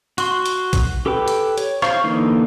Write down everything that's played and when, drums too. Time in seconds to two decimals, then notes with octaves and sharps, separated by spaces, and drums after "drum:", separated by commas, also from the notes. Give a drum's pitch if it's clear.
0.18 F#4 C6, drum: hi-hat
0.46 drum: hi-hat
0.73 drum: kick, hi-hat
1.06 G4 A4 B4 G5
1.28 drum: hi-hat
1.58 C#5, drum: hi-hat
1.82 C5 F5 C#6, drum: rim click
2.04 D3 E3 A#3 D#4